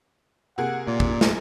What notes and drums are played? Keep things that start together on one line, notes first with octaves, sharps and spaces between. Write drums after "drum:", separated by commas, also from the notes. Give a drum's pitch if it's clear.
C3 A#3 G#4 F#5
A#2 D5
drum: kick
drum: snare